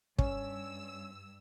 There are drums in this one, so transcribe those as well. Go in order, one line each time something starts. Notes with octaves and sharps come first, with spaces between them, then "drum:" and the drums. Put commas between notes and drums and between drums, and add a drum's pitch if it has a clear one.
G2 C#4 E6, drum: kick